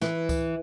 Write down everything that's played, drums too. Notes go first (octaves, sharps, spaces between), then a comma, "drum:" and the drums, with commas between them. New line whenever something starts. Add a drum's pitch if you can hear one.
E3, drum: snare
drum: kick C#2, tambourine